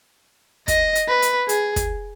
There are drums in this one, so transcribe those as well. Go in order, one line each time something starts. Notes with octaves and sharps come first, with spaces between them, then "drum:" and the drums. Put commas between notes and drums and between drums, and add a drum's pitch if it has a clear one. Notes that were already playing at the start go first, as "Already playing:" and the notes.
D#5, drum: kick, hi-hat
drum: hi-hat
B4
drum: hi-hat
G#4, drum: hi-hat
drum: kick, hi-hat